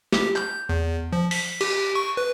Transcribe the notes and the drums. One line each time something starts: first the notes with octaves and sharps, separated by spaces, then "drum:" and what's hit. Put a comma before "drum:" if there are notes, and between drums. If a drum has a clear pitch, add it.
G4, drum: snare
G6, drum: clap
E2
F3
B6, drum: open hi-hat
G4, drum: cymbal
C#6
B4